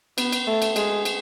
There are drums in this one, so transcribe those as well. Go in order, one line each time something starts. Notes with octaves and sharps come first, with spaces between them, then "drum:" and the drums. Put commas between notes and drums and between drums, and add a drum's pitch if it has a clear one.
B3, drum: cymbal
drum: cymbal
A3
drum: cymbal
G#3, drum: cymbal
drum: cymbal